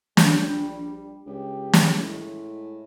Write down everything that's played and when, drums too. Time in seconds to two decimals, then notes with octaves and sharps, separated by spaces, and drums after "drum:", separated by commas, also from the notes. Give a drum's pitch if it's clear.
0.17 A#1 G3 D4 G6, drum: snare
1.26 C#2 G4
1.73 drum: snare
2.00 A2 G#3